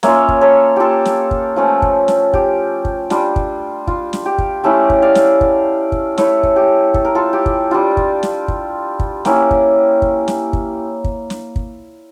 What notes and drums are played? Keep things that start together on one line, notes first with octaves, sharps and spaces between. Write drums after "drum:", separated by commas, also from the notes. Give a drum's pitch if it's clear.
A#3 C#4 F4 C#5 E5, drum: snare
drum: kick
A4 C#5
F4 G4 A4
drum: snare
drum: kick
F3 A3 C#4
drum: kick
drum: snare
G4, drum: kick
drum: kick
G3 D4 F4, drum: snare
drum: kick
F4, drum: kick
drum: snare
G4
drum: kick
A3 C#4 E4 G4
drum: kick
D5 F5
drum: snare
drum: kick
drum: kick
A3 E4 A4 C#5, drum: snare
drum: kick
G4
A4, drum: kick
A#4
F4 A4
G4
drum: kick
G3 D4 F4
drum: kick
drum: snare
drum: kick
drum: kick
A#3 C#4 E4 G4, drum: snare
drum: kick
drum: kick
drum: snare
drum: kick
drum: kick
drum: snare
drum: kick